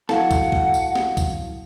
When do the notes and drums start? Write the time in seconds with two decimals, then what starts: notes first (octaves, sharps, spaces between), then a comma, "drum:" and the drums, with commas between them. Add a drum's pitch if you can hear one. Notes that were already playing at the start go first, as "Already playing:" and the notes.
0.09 F#3 E4 A4 F5 F#5, drum: snare
0.31 drum: kick, tambourine
0.52 drum: kick
0.74 drum: tambourine
0.95 drum: snare
1.17 drum: kick, tambourine